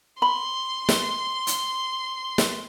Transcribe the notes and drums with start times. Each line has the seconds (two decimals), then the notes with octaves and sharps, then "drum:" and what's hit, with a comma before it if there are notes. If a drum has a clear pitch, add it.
0.22 B5 C6
0.89 drum: snare
1.47 drum: hi-hat
2.38 drum: snare